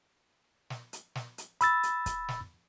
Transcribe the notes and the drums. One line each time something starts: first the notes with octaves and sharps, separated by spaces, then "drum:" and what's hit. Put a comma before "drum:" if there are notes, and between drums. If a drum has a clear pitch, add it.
drum: snare
drum: hi-hat
drum: snare
drum: hi-hat
B5 E6 A6, drum: hi-hat
drum: hi-hat
drum: kick, hi-hat
drum: snare